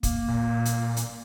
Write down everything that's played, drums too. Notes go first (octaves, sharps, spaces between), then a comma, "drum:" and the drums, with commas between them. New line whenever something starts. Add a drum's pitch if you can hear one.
A#3, drum: kick, hi-hat
A#2
drum: hi-hat
drum: hi-hat